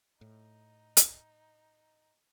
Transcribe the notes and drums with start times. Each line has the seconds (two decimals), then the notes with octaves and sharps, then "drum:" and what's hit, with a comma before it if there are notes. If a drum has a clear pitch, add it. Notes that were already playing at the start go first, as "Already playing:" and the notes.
0.21 A2 D#4
0.97 drum: hi-hat